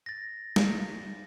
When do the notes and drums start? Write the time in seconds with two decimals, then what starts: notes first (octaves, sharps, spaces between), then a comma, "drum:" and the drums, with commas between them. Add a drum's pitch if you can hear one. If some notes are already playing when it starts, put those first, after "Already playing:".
0.06 A6 A#6
0.56 drum: snare